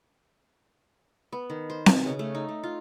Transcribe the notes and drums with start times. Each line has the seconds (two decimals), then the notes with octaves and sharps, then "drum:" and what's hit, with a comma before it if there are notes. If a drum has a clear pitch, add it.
1.32 B3
1.50 D#3
1.70 C5
1.86 B2, drum: snare C4
2.05 C#3
2.19 A3
2.35 D#4
2.49 A3
2.63 F4